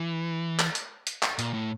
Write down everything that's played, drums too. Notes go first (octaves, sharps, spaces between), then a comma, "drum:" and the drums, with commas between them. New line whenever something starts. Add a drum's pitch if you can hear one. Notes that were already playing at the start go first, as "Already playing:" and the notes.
Already playing: E3
drum: clap
drum: hi-hat
drum: hi-hat
drum: clap
A#2, drum: hi-hat
A2